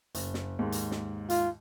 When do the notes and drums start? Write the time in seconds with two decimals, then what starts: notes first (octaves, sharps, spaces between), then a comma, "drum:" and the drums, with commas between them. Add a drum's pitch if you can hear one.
0.15 F#1, drum: hi-hat
0.34 drum: snare
0.59 D#2 G#2
0.72 drum: hi-hat
0.91 drum: snare
1.30 F4, drum: hi-hat